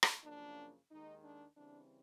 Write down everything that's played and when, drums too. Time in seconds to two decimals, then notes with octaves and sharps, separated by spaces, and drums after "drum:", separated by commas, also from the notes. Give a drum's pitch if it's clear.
0.03 drum: rim click
0.24 F#2 C#3 F3 A#3 D4
0.91 D#2 D#3 G#3 D#4
1.24 D4
1.57 C#3 E3 G3 C4 D4